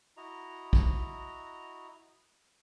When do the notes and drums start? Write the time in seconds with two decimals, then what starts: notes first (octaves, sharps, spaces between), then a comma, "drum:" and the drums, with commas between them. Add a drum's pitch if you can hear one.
0.17 E4 F#4 D#5 A#5
0.73 drum: kick